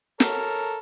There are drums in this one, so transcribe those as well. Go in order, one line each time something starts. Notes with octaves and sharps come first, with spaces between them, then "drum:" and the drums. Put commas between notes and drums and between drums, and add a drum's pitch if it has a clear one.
A4 A#4 C#5, drum: snare